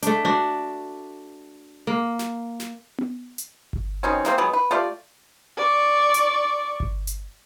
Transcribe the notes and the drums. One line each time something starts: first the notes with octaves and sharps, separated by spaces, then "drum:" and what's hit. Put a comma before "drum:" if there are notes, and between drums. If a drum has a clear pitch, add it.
A3 D4, drum: hi-hat
D4 F#4
A#3
drum: snare
drum: snare
drum: tom B3
drum: hi-hat
drum: kick G1
B2 D#3 C4 C#4
G#3 A#3 C4, drum: snare
F#3 G#3 B3
B4
A3 F4 G4 D5
D5 C#6
drum: hi-hat
drum: kick G1
drum: hi-hat